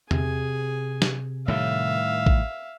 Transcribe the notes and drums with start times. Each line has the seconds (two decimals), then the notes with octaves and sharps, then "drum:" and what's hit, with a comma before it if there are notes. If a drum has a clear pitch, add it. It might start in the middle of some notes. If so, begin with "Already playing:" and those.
0.11 C3 G#4 G#5, drum: tom E2
1.02 drum: snare
1.48 A2 D#3 G3 E5 F5
2.26 drum: kick